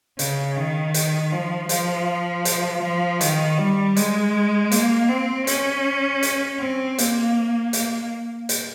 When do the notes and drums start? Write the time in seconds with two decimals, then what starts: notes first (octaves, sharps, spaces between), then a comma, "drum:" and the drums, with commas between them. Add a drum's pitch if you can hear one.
0.19 C#3, drum: hi-hat
0.57 D#3
0.94 drum: hi-hat
1.32 F3
1.69 F3, drum: hi-hat
2.45 drum: hi-hat
2.83 F3
3.21 D#3, drum: hi-hat
3.58 G3
3.97 G#3, drum: hi-hat
4.72 A#3, drum: hi-hat
5.09 C4
5.47 C#4, drum: hi-hat
6.23 drum: hi-hat
6.60 C4
6.98 A#3, drum: hi-hat
7.73 A#3, drum: hi-hat
8.49 drum: hi-hat